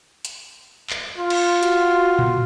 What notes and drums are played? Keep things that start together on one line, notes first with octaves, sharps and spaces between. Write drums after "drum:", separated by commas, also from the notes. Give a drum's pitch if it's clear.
drum: hi-hat
drum: clap
F4
drum: cymbal
F#4, drum: hi-hat
drum: tom A2